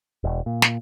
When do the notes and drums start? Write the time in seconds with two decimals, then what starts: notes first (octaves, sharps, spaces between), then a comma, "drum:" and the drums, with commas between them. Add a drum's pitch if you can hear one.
0.24 E1
0.46 A#2
0.62 drum: snare